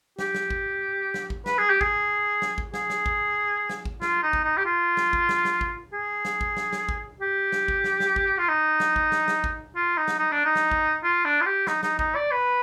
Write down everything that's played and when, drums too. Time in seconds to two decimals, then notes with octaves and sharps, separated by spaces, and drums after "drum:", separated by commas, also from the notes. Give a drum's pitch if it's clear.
0.19 G4, drum: snare
0.35 drum: snare
0.50 drum: kick G#1
1.14 drum: snare
1.30 drum: kick G#1
1.46 B4, drum: snare
1.58 G#4
1.69 G4
1.81 G#4, drum: kick G#1
2.42 drum: snare
2.58 drum: kick G#1
2.74 G#4, drum: snare
2.90 drum: snare
3.06 drum: kick G#1
3.70 drum: snare
3.85 drum: kick G#1
4.02 F4, drum: snare
4.23 D#4
4.33 drum: kick G#1
4.44 D#4
4.57 G4
4.65 F4
4.97 drum: snare
5.13 drum: kick G#1
5.29 drum: snare
5.45 drum: snare
5.61 drum: kick G#1
5.93 G#4
6.25 drum: snare
6.41 drum: kick G#1
6.57 drum: snare
6.73 drum: snare
6.89 drum: kick G#1
7.20 G4
7.52 drum: snare
7.68 drum: kick G#1
7.84 drum: snare
8.00 drum: snare
8.16 drum: kick G#1
8.38 F4
8.48 D#4
8.80 drum: snare
8.96 drum: kick G#1
9.12 drum: snare
9.28 drum: snare
9.44 drum: kick G#1
9.75 F4
9.97 D#4
10.08 drum: snare
10.18 D#4
10.31 D4
10.45 D#4
10.56 drum: snare
10.71 drum: kick G#1
11.03 F4
11.25 D4
11.41 F4
11.46 G4
11.67 D#4, drum: snare
11.83 D#4, drum: snare
11.99 D#4, drum: kick G#1
12.15 D5
12.31 B4